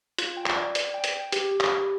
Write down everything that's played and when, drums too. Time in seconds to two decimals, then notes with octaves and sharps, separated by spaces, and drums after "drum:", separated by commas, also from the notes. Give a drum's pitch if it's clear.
0.18 F4, drum: hi-hat
0.37 G5
0.47 drum: clap
0.56 D5
0.75 D5, drum: hi-hat
0.94 G5
1.04 drum: hi-hat
1.13 G5
1.32 G4, drum: hi-hat
1.51 G4
1.61 drum: clap
1.71 G4